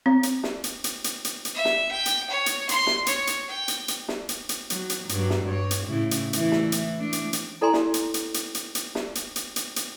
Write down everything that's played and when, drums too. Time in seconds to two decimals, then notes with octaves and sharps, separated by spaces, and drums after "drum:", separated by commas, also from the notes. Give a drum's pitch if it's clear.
0.06 C4
0.23 drum: hi-hat
0.43 drum: snare
0.64 drum: hi-hat
0.84 drum: hi-hat
1.04 drum: hi-hat
1.25 drum: hi-hat
1.45 drum: hi-hat
1.54 E5
1.65 drum: snare
1.91 G5
2.06 drum: hi-hat
2.30 C#5
2.46 drum: hi-hat
2.69 C6, drum: hi-hat
2.87 drum: snare
3.07 C#5, drum: hi-hat
3.27 drum: hi-hat
3.48 G5
3.68 drum: hi-hat
3.88 drum: hi-hat
4.08 drum: snare
4.29 drum: hi-hat
4.49 drum: hi-hat
4.70 F#3, drum: hi-hat
4.90 drum: hi-hat
5.09 G2 F#3, drum: hi-hat
5.30 drum: snare
5.45 G2 C#5
5.71 drum: hi-hat
5.86 A2 C#3 E4
6.11 drum: hi-hat
6.33 E3 A3 E4, drum: hi-hat
6.52 drum: snare
6.72 drum: hi-hat
6.97 A3 D4
7.13 drum: hi-hat
7.33 drum: hi-hat
7.61 E4 A4 D5 G#5 A#5 C6
7.73 drum: snare
7.94 drum: hi-hat
8.14 drum: hi-hat
8.34 drum: hi-hat
8.55 drum: hi-hat
8.75 drum: hi-hat
8.95 drum: snare
9.15 drum: hi-hat
9.36 drum: hi-hat
9.56 drum: hi-hat
9.76 drum: hi-hat